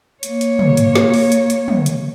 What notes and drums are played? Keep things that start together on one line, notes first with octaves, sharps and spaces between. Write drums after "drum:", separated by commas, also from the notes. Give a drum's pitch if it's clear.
A#3 C#5, drum: hi-hat
drum: hi-hat
drum: tom
drum: hi-hat
drum: snare
drum: open hi-hat
drum: hi-hat
drum: hi-hat
drum: tom
drum: hi-hat